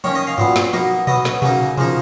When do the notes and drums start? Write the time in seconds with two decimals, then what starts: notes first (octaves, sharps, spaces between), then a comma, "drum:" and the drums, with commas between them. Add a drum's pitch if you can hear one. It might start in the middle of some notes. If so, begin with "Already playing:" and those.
0.04 D#3 A#3 C#4 C#5, drum: tom F3
0.15 D#5
0.27 F5
0.38 A#2 F#3 B3, drum: tom G2
0.56 drum: snare
0.73 B2 A#3 D#4, drum: tom F3
1.07 B2 F#3 B3 D#5, drum: tom A#2
1.25 drum: snare
1.42 C#3 F#3 A#3 D#4, drum: tom A#2
1.78 C#3 F3 A#3 D#4, drum: tom A#2